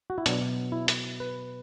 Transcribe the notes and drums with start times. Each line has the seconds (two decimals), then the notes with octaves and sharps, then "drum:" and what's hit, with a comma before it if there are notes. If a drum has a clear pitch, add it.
0.10 F#4
0.18 E4
0.26 B2 F#3 D4, drum: hi-hat
0.72 E4
0.88 drum: hi-hat
1.20 B4